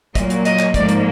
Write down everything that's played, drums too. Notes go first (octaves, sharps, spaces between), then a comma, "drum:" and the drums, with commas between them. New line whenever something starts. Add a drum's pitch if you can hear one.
A#2 F#3 A#3 D#5, drum: kick, hi-hat
drum: hi-hat
D#5, drum: hi-hat
drum: clap
G#2 F3 A#3 D5, drum: kick, hi-hat
drum: hi-hat